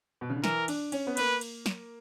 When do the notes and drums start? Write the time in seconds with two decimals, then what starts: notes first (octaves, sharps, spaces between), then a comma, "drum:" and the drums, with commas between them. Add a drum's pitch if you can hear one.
0.21 B2
0.30 C#3
0.36 D3
0.44 E3 A#4, drum: snare
0.68 D4, drum: cymbal
0.92 C#4, drum: cymbal
1.07 B3
1.17 A#3 B4, drum: cymbal
1.41 drum: cymbal
1.66 drum: snare